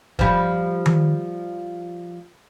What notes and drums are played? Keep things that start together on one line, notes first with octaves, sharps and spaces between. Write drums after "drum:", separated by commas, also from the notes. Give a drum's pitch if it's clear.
F3 G3, drum: kick D#1
drum: tom D#3